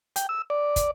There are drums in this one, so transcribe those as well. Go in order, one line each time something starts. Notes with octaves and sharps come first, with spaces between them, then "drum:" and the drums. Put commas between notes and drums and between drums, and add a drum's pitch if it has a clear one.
G5, drum: hi-hat
E6
D5
drum: kick, hi-hat